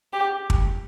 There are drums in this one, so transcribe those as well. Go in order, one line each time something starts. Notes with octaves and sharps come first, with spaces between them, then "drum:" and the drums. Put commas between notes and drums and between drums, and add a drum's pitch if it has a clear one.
G4
drum: kick